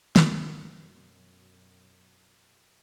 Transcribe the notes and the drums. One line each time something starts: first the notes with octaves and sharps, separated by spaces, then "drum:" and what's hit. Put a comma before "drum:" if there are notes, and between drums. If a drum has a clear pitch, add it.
F#2 B2, drum: snare